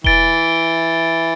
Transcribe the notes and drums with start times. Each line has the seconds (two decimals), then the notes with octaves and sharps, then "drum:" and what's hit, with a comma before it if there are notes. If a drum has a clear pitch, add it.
0.04 E3 A6 D7 G7, drum: kick E1